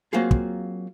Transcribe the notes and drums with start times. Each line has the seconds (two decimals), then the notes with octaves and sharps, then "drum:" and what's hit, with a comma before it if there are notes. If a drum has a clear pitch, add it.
0.13 F#3 A#3 C4 F4 G#4
0.31 drum: kick